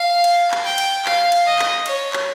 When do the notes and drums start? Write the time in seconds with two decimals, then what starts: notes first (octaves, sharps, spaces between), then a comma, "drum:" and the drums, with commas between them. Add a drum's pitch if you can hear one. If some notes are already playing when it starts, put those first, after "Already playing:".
Already playing: F5
0.24 drum: cymbal
0.51 drum: clap
0.64 G5
0.78 drum: cymbal
1.05 F5, drum: clap
1.32 drum: cymbal
1.46 D#5
1.59 drum: clap
1.86 C#5, drum: cymbal
2.13 drum: clap